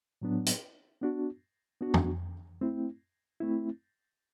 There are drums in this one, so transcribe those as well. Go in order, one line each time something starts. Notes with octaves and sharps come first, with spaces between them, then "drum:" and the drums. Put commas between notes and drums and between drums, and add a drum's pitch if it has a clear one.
A2 F#3 B3 D4
drum: hi-hat
B3 D4 F#4
B3 D4 F#4
drum: tom
A3 C4 E4
A3 C4 E4